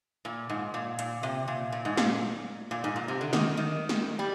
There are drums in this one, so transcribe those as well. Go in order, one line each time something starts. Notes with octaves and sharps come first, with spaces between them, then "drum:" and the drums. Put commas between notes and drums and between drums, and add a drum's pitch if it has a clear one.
A#2
G#2
A#2
A#2, drum: hi-hat
C3
A#2
A#2
G#2
A#2, drum: snare
A#2
G#2
A#2
C3
D3
D#3, drum: snare
D#3
drum: snare
G3